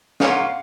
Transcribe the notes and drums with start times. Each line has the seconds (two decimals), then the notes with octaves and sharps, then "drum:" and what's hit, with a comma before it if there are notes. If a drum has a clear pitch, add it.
0.20 D#3 F#3 A#3 C#4 F4 F5, drum: snare
0.30 F#5
0.40 F5